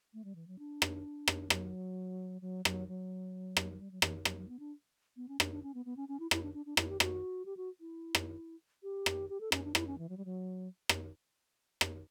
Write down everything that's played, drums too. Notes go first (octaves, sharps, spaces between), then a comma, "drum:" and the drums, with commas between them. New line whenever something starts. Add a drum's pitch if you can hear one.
A3
G3
E3
F#3
D4
drum: rim click
drum: rim click
F#3, drum: rim click
F#3
F#3, drum: rim click
F#3
drum: rim click
F#3
G3
F#3
E3, drum: rim click
F#3, drum: rim click
F#3
B3
D4
B3
C#4
D4, drum: rim click
D4
C#4
B3
B3
C#4
C#4
E4
E4, drum: rim click
D4
D4
D4
E4, drum: rim click
G4
F#4, drum: rim click
G4
F#4
E4
drum: rim click
G4
drum: rim click
G4
A4
C#4, drum: rim click
D4
E4, drum: rim click
C#4
E3
F#3
G3
F#3
drum: rim click
drum: rim click